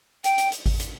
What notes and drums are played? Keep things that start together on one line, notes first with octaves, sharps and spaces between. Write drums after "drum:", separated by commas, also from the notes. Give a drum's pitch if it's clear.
G5, drum: hi-hat
drum: hi-hat
drum: hi-hat
drum: kick G#1, open hi-hat
drum: hi-hat